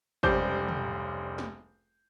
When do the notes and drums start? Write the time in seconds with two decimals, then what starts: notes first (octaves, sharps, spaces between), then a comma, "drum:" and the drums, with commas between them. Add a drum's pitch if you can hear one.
0.23 F1 C#2 G3 C5 D6 G6, drum: kick G#1
0.68 drum: tom
1.38 drum: snare